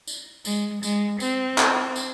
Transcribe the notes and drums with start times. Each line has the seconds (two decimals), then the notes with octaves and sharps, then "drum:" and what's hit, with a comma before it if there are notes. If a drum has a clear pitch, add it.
0.07 drum: tambourine
0.45 G#3, drum: tambourine
0.83 G#3, drum: tambourine
1.20 C4, drum: tambourine
1.58 drum: clap
1.96 drum: tambourine